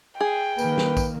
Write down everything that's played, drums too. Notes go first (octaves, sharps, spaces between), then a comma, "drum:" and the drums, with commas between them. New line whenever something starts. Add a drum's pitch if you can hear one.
G#4 G5
D#3 A#3 B4, drum: tambourine
drum: snare
drum: kick A#1, tambourine